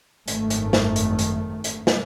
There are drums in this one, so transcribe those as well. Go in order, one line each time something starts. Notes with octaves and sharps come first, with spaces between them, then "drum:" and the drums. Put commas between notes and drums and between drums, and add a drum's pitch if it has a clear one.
G#1 F#2 D#3 A3, drum: hi-hat
drum: hi-hat
drum: snare
drum: hi-hat
drum: hi-hat
drum: hi-hat
drum: snare